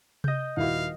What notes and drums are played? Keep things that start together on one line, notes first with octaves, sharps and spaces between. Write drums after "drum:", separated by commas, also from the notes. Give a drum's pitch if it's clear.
D#5 G6, drum: tom C3
D#1 E4 F#4 F5